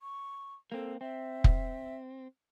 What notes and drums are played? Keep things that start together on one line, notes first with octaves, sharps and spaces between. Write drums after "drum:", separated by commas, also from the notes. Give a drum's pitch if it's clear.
C#6
A#3 C4 A4
C4 E5
drum: kick